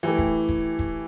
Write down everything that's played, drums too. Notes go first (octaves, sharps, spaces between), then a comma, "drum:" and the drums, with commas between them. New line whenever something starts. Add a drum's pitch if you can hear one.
E3 A3 E4 G4
drum: kick
drum: kick
drum: kick